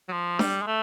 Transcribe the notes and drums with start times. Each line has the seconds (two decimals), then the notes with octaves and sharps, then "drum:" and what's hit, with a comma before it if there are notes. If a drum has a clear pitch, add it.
0.09 F#3
0.13 F3
0.39 G3, drum: snare D4
0.62 G#3
0.67 A3